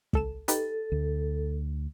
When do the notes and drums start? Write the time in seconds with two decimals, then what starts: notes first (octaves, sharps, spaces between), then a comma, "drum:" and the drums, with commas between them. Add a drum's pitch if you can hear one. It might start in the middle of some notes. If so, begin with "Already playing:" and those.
0.13 C#2 A4 E7, drum: kick
0.48 D#4 G4 A4 B4, drum: hi-hat
0.92 D2